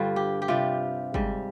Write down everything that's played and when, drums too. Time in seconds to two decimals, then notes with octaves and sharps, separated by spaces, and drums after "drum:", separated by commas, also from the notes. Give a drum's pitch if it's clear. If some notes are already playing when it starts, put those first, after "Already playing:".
Already playing: G2 D3 G3 F4
0.16 G4
0.42 G4
0.48 C3 G3 F4
1.14 G#2 G3, drum: kick